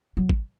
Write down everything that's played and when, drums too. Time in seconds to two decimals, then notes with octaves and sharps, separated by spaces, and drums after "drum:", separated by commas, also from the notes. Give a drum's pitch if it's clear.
0.17 F#3
0.29 drum: kick